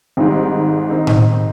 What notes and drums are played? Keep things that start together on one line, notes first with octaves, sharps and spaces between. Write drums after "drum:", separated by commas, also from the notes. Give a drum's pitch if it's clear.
G#1 G#2 G3 C4 D#4
D#3 C4 D#4
drum: tom A2